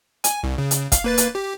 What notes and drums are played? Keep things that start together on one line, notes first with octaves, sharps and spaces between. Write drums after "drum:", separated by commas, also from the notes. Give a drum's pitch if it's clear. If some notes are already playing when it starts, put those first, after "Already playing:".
G#5, drum: hi-hat
C2
C#3
drum: hi-hat
F5, drum: kick, hi-hat
A#3 B4 A6
drum: hi-hat
G4